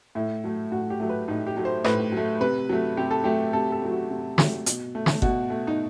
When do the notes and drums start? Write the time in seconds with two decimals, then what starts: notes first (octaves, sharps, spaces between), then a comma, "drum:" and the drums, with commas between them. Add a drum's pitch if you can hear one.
0.15 A2 E4
0.44 F#3 A3
0.72 A2 F#4
0.90 G4
1.00 F#3 A3
1.09 B4
1.28 A2 D#4
1.47 G4
1.57 F#3 A3
1.65 C5
1.84 A2 B4, drum: rim click
2.12 F#3 A3
2.40 C3 B4
2.69 F#3 A3
2.97 C3 G4
3.11 A4
3.24 F#3 A3 G4
3.53 C3 A4
3.72 A4
3.82 F#3 A3
3.91 F#4
4.10 C3
4.38 F#3 A3, drum: snare
4.66 B2, drum: hi-hat
4.95 A3
5.06 drum: snare
5.22 B2 F#4, drum: kick G1
5.50 A3
5.67 D#4